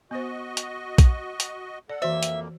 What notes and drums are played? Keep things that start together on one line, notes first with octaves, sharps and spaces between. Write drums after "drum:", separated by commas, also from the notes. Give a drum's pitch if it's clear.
B3 F#4 C5 D#5
drum: hi-hat
drum: kick A#1, hi-hat
drum: hi-hat
A4 D5 F#5
F2 E3 A#3 F#4 C5 E5
drum: hi-hat